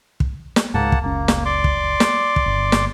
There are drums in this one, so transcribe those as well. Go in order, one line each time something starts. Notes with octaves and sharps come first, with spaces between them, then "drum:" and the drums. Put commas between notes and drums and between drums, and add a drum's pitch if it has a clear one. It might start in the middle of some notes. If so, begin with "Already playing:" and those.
drum: kick
drum: snare
C#2 G#2 A#3 F#5 A5
drum: kick
F#1 C#2 A#3 C#4
drum: snare
D5 C6 D6
drum: kick
drum: snare
drum: kick
G1
drum: snare